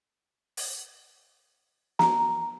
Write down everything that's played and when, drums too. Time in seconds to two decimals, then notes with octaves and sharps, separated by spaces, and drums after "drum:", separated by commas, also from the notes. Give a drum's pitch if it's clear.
0.57 drum: open hi-hat
1.99 A#5, drum: snare